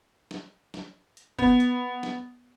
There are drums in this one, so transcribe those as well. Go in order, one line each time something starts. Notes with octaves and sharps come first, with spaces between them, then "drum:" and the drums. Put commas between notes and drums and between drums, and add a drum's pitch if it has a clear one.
drum: snare
drum: snare
drum: hi-hat
B3, drum: kick
drum: hi-hat
drum: snare